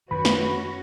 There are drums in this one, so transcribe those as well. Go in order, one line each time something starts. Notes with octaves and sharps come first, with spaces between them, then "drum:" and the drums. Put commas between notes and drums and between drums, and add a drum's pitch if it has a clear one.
F#2 D#3 C#4 F#4 B4 B5
drum: snare